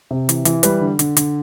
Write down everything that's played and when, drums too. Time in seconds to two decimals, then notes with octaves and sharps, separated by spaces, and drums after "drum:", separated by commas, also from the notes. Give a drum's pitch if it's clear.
0.11 C3
0.29 E3, drum: hi-hat
0.45 E3, drum: hi-hat
0.63 G3 B4, drum: hi-hat
0.81 D3
0.99 D3, drum: hi-hat
1.17 D3, drum: hi-hat